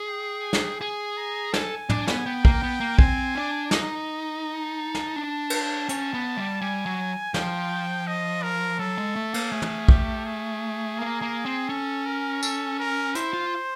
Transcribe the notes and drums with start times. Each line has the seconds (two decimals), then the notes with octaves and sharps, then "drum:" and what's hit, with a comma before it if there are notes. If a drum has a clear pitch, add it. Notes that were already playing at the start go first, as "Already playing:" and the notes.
Already playing: G#4
0.08 G5
0.53 drum: snare
0.80 G#4 G#5
1.17 A#5
1.54 A4 G#5, drum: snare
1.90 D4, drum: tom
2.08 B3, drum: snare
2.26 B3 G5
2.45 A#3, drum: kick
2.63 B3
2.80 A#3
2.99 C4 G#5, drum: kick
3.35 D4
3.71 D#4, drum: snare
4.44 A5
4.95 drum: snare
5.16 D4
5.50 drum: cymbal
5.89 C#4 A5, drum: hi-hat
6.14 B3
6.37 G3
6.61 G3 G#5
6.86 F#3
7.34 F3 G5, drum: snare
8.07 D#5
8.43 A#4
8.79 F#3 A4
8.97 G#3
9.16 A3
9.34 A#3, drum: cymbal
9.52 A3 G#4
9.62 drum: tom
9.88 G4, drum: kick
10.25 G#4
10.97 A#3
11.22 A#3
11.46 C4
11.69 C#4 A4
12.06 A#4
12.43 A4, drum: tambourine
12.79 A#4
13.15 E4 C5, drum: hi-hat
13.33 F4